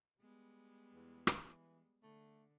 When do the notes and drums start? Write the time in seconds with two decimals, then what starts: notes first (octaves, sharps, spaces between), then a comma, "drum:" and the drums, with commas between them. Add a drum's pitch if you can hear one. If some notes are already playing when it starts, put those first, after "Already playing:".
0.21 G3 G#3 B3
0.94 E2
1.27 drum: rim click
1.44 E3
2.03 D3 A3